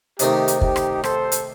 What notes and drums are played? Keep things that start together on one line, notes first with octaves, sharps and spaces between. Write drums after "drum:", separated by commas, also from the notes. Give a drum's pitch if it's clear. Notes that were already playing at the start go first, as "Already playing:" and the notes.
C3 D#3 A3 C4 D#4 G4, drum: hi-hat
drum: hi-hat
D#4 G4, drum: kick
drum: rim click
A4 C5, drum: rim click
drum: hi-hat